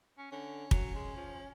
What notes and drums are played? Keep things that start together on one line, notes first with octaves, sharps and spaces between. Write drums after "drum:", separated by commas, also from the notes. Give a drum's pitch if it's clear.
C#4
D3 C#4
F#3, drum: kick
G#3
F3